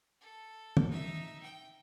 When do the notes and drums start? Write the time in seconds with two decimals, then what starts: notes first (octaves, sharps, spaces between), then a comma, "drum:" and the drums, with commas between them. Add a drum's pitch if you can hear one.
0.21 A4
0.77 drum: tom
0.90 D#4 E5
1.43 G5